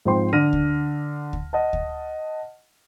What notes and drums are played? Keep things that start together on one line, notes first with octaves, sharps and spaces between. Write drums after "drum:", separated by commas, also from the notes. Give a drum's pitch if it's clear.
G#2 F3 C4 G5 C6
D3 F6 A#6 D#7
drum: kick D2
drum: kick D2
D#5 F#5 A5
drum: kick D2